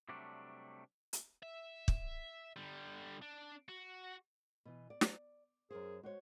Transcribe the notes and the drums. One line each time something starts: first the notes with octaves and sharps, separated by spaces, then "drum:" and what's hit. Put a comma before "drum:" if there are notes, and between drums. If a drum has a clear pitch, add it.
C3 F#3 G3 A3 D4
drum: hi-hat
E5
drum: kick
D3 G3
D4
F#4
B2 E3
D5
drum: snare
F#2 G#4 A#4 C5
G#3 F#4 C5 C#5